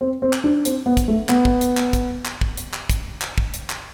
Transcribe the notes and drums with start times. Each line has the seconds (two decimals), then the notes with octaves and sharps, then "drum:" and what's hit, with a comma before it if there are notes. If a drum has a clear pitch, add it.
0.01 C4
0.22 C4
0.33 drum: clap
0.44 D4
0.65 C4, drum: hi-hat
0.86 B3
0.97 drum: kick, hi-hat
1.08 A3
1.29 B3, drum: clap
1.45 drum: kick
1.61 drum: hi-hat
1.77 drum: clap
1.93 drum: kick, hi-hat
2.25 drum: clap
2.41 drum: kick
2.57 drum: hi-hat
2.73 drum: clap
2.90 drum: kick, hi-hat
3.22 drum: clap
3.38 drum: kick
3.54 drum: hi-hat
3.70 drum: clap